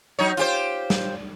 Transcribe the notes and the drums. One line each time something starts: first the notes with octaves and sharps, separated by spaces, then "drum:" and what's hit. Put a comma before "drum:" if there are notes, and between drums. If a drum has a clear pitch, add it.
F#3 D#4 C#5
F4 G4 C5, drum: hi-hat
drum: snare